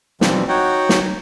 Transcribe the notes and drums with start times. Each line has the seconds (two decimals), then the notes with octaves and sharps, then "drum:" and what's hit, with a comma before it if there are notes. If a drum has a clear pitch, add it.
0.21 B2 E3 F3 G3 C4, drum: snare
0.48 D#4 F#4 C#5 F#5 G5
0.89 drum: snare